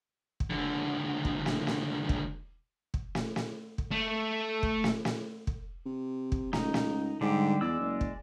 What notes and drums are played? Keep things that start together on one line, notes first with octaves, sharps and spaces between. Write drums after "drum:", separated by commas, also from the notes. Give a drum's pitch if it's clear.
drum: kick
C#2 D3
drum: kick
drum: snare
drum: snare
drum: kick
drum: kick
drum: snare
drum: snare
drum: kick
A3
drum: kick
drum: snare
drum: snare
drum: kick
C3
drum: kick
C#2 D#4, drum: snare
drum: snare
G#2 D3 G3 G4
E2 G#3 D5 E6
F#1
drum: kick